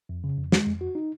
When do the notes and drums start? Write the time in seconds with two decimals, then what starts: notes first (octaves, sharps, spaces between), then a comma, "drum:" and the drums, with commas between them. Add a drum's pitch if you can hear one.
0.09 F2
0.24 C#3
0.37 F2
0.52 G#3, drum: snare
0.67 F2
0.81 F#4
0.95 D#4